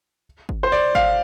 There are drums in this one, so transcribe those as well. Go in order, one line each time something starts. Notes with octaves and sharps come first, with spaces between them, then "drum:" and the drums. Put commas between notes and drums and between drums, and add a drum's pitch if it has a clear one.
drum: kick G1
C5
D5
F5, drum: kick G1